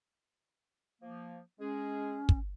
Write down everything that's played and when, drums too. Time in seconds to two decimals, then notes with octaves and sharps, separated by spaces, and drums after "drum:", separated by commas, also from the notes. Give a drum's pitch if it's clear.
1.02 F3 A#3
1.60 G#3 C#4 G#4
2.29 drum: kick